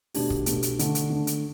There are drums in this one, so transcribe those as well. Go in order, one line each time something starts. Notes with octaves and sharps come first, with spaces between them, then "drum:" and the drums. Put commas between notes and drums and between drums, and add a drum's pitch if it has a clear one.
B2 A3 D4 G4, drum: open hi-hat
drum: kick
B2 A3 D4 G4, drum: hi-hat
drum: hi-hat
D3 A3 D4, drum: hi-hat
drum: hi-hat
D3 A3 D4
drum: hi-hat